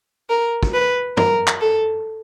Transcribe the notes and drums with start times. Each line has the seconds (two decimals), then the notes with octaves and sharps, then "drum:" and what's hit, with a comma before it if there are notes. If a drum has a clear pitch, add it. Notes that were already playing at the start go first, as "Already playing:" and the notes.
0.30 A#4
0.63 drum: kick
0.74 B4
1.17 A#4, drum: tom
1.47 drum: clap
1.61 A4